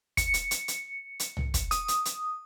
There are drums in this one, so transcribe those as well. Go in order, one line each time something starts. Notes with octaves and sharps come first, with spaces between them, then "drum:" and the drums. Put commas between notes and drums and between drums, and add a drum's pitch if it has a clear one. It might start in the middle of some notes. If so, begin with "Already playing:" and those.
C#7, drum: kick, hi-hat
drum: hi-hat
drum: hi-hat
drum: hi-hat
drum: hi-hat
drum: tom C2
drum: kick, hi-hat
D#6, drum: hi-hat
drum: hi-hat
drum: hi-hat